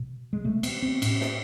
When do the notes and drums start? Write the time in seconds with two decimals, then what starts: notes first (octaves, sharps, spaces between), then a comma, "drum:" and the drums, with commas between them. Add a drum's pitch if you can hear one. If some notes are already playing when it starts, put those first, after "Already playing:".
Already playing: B2
0.33 G#3
0.45 B2 A3
0.63 B3, drum: cymbal
0.82 C4
1.02 A2 C#4, drum: cymbal
1.21 drum: snare